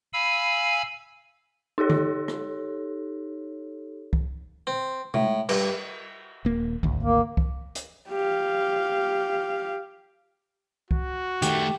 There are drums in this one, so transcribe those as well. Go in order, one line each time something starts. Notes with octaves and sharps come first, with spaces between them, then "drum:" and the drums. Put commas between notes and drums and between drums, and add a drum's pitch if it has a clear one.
F5 G#5 B5 E6
D#4 G4 A4 C#5
drum: tom D3
drum: rim click
drum: kick C2
C4
A2, drum: tom C3
G2, drum: cymbal
D#1 A#3
G#1 D2, drum: kick C2
A#3
drum: kick C2
drum: hi-hat
G4 F5
F#4, drum: kick C2
D#3 A3 G4, drum: hi-hat